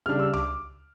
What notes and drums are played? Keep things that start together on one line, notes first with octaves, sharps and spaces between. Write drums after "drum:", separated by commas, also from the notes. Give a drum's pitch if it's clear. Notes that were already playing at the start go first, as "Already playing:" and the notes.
C#3 G3 D4 F6
E6
D6, drum: tom C#2